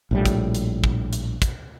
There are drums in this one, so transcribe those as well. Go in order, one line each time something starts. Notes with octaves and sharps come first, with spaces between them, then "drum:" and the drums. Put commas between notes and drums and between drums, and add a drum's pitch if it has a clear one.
A#1 A2 G3
drum: kick, hi-hat
drum: hi-hat
drum: kick
drum: hi-hat
drum: kick, hi-hat